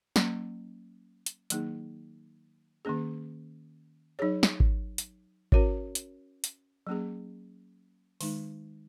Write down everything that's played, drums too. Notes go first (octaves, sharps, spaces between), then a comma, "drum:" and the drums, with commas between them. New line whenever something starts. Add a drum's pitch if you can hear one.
F#3 A#3 C#4, drum: snare
drum: hi-hat
D#3 F#3 A#3 D#4 G#4, drum: hi-hat
D#3 A#3 C#4 G#4
F#3 D#4 G#4 C#5
drum: snare
drum: kick G#1
drum: hi-hat
C#4 F#4 A#4 C#5, drum: kick G#1
drum: hi-hat
drum: hi-hat
F#3 A#3 C#4 G#4
D#3 G#3 D#4, drum: open hi-hat